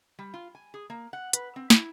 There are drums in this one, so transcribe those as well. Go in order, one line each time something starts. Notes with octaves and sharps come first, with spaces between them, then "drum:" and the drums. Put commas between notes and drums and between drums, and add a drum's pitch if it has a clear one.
G3
F4
G#5
G#4
A#3
F#5
B4, drum: hi-hat
C4
E4, drum: snare